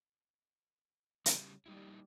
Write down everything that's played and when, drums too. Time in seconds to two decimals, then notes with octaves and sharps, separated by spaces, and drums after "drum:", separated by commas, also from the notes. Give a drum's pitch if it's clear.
1.26 C#3 G3, drum: hi-hat
1.66 G3 A#3 D#4 E4